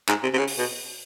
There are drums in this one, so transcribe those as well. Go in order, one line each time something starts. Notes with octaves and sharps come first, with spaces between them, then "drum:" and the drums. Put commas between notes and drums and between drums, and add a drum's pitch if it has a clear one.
G#2, drum: clap
C3
C3
C#3
drum: open hi-hat
B2